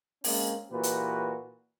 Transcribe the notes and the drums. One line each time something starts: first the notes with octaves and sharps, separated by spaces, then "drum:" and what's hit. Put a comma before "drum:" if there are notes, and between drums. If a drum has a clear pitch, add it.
G#3 A#3 C4 C#4, drum: open hi-hat
A#2 E3 F#4 G4 B4
drum: hi-hat